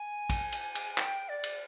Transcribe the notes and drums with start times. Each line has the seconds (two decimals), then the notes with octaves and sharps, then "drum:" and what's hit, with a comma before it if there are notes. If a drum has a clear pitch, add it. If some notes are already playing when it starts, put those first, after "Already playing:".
Already playing: G#5
0.30 drum: kick, cymbal
0.52 drum: cymbal
0.75 drum: cymbal
0.98 G5, drum: clap
1.29 D5
1.44 drum: cymbal